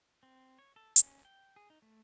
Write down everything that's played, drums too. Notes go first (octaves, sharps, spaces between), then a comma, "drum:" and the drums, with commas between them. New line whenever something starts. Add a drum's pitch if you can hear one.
C4
C#5
A4
C#4, drum: hi-hat
G5
G#4
D#4
A3